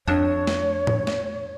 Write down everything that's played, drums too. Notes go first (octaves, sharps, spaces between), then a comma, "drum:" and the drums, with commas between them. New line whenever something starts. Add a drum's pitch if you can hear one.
F2 D4 C#5
drum: snare
drum: tom A2
drum: snare